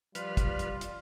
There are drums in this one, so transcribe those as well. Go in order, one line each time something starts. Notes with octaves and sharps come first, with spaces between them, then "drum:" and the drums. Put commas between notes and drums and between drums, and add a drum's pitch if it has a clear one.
F3 G3 F4 B4 D5 F6, drum: hi-hat
drum: kick, hi-hat
drum: hi-hat
drum: hi-hat